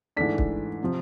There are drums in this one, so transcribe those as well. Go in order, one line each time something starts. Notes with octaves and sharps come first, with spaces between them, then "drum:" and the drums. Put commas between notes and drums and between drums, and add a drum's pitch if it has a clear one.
G#2 E3 A3 D4 B6
drum: kick
C3 F3